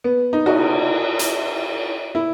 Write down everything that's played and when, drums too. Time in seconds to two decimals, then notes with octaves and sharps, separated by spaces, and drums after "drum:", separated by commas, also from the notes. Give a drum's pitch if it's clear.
0.04 B3
0.33 D#4
0.46 F#4, drum: cymbal
1.19 drum: hi-hat
2.15 E4